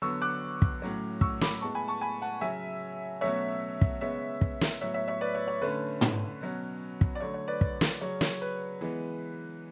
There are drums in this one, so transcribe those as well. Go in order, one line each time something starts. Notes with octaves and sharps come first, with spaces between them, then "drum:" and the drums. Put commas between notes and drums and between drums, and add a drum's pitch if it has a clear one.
D3 F#3 B3 C#6 E6
D6 F#6
drum: kick
A2 F#3 C#4
C#6 E6, drum: kick
B5 D6, drum: snare
A2 G#3 B3 A5 C#6
G#5 B5
A5 C#6
G#5 B5
F#5 A5
C#3 F#3 C#4 E5 G#5
B2 F#3 A3 C#4 C#5 E5
drum: kick
C#3 G#3 B3 C#5 E5
drum: kick
drum: snare
A2 F#3 B3 C#5 E5
C#5 E5
C#5 E5
B4 D5
C#5
C#5
D3 A3 C#4 B4
drum: tom
B2 F#3 C#4
drum: kick
D5
D3 F#3 A3 C#5
C#5
B4 D5
drum: kick
drum: snare
C#3 F#3 C#4 C#5
C#5, drum: snare
B4
E3 G#3 B3